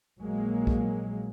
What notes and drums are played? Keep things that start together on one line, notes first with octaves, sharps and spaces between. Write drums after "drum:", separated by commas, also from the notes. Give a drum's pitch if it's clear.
A#1 F#3 G#3 A#3
drum: kick B1